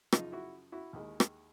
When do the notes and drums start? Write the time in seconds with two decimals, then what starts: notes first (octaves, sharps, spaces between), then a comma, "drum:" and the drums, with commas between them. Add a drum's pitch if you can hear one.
0.12 F#2 C#3 F3 D#4 F4, drum: rim click
0.32 E4 F#4
0.72 E4 F#4
0.93 D#2 D#3 G#3
1.20 drum: rim click